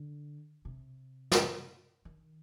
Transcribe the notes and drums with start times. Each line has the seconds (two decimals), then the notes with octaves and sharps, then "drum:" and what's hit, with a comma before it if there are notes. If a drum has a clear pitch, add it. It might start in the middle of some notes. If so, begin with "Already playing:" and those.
Already playing: D3
0.65 C3
1.32 drum: snare
2.05 D#3